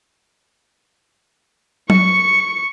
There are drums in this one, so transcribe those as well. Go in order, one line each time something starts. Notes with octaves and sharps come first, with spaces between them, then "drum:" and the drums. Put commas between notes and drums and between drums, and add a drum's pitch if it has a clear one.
C#6 C#7, drum: tom F#3